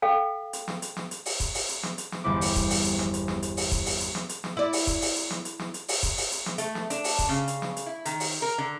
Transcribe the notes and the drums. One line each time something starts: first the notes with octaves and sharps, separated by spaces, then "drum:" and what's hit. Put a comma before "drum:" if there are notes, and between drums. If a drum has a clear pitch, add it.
A4 F5 G5
drum: hi-hat
drum: snare
drum: hi-hat
drum: snare
drum: hi-hat
drum: open hi-hat
drum: kick D#1, hi-hat
drum: open hi-hat
drum: hi-hat
drum: snare
drum: hi-hat
drum: snare
G1 E2 E4 C5 D6
drum: open hi-hat
drum: kick D#1, hi-hat
drum: open hi-hat
drum: hi-hat
drum: snare
drum: hi-hat
drum: snare
drum: hi-hat
drum: open hi-hat
drum: kick D#1, hi-hat
drum: open hi-hat
drum: hi-hat
drum: snare
drum: hi-hat
drum: snare
E4 D5
drum: open hi-hat
drum: kick D#1, hi-hat
drum: open hi-hat
drum: hi-hat
drum: snare
drum: hi-hat
drum: snare
drum: hi-hat
drum: open hi-hat
drum: kick D#1, hi-hat
drum: open hi-hat
drum: hi-hat
drum: snare
A3, drum: hi-hat
drum: snare
D4, drum: hi-hat
drum: open hi-hat
drum: kick D#1, hi-hat
C#3
drum: hi-hat
drum: snare
drum: hi-hat
E4
D#3, drum: hi-hat
drum: open hi-hat
A#4
D3